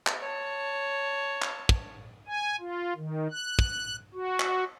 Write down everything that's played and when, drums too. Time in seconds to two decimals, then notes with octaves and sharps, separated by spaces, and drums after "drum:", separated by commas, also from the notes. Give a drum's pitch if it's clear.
0.07 drum: clap
0.19 C#5 A5
1.42 drum: clap
1.69 drum: kick
2.27 G#5
2.60 F4
2.96 D#3
3.32 F#6
3.59 drum: kick
4.14 F#4
4.40 drum: clap